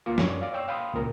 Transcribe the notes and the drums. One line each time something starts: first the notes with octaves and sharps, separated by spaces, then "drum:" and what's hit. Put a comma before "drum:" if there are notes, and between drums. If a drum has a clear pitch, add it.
D2 A#3 F4 D6
F#2 C#5 D5 G#6, drum: snare
D5 F5
C#5 G5 E6
F5 G5 B5 C6 D#6
C#2 A#2 A#4